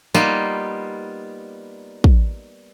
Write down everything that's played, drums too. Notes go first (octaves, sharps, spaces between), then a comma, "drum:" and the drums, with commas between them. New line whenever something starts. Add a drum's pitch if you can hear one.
G3 A#3 B3 D#4 F4, drum: tambourine
drum: kick